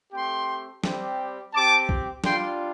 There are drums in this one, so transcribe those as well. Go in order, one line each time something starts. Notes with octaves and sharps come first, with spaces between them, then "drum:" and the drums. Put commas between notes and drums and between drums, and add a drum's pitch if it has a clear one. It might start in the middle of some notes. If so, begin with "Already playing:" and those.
A3 C4 G4 G5 C6
G3 C4 G4, drum: snare
C4 G4 A5 D6
drum: kick
G3 D4 F4 G5 C6, drum: snare